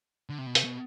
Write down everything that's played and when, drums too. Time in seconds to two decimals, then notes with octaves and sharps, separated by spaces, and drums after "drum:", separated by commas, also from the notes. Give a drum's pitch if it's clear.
0.29 D3
0.38 C3
0.46 B2
0.55 C3, drum: hi-hat
0.64 B2